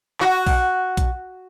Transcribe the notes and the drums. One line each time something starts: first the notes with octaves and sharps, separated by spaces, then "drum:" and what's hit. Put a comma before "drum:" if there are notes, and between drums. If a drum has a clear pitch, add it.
F#4, drum: clap
drum: kick A#1, open hi-hat
drum: kick A#1, hi-hat